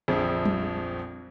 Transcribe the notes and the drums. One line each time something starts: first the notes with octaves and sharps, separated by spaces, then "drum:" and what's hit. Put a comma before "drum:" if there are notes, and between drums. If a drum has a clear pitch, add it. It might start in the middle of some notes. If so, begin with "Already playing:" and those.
A#1 F2 F3 G#4
drum: tom F#3